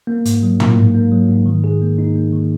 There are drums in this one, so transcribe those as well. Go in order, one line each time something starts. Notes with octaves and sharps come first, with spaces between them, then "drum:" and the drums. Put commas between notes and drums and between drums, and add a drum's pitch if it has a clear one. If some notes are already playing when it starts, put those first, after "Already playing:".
A#3
G#2, drum: hi-hat
F#3
A#3, drum: tom
G#2
A#3
F#3
G#2
D#3
G#4
A#3
D#4
A#3
D#3